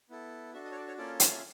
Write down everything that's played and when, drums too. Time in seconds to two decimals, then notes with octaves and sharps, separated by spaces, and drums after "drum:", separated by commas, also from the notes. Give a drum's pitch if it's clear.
0.10 B3 E4 A4
0.54 D4 F#4 A4 E5
0.65 D#5
0.71 C#5
0.76 D5
0.87 C#5
0.97 A#3 C#4 F4 A4 D5
1.20 F5, drum: hi-hat
1.31 E5